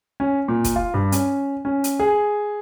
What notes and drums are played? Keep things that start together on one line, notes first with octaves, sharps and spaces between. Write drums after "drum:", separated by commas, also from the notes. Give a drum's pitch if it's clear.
C#4
A#2
drum: kick, hi-hat
F4
G2
C#4, drum: hi-hat
C#4
drum: hi-hat
G#4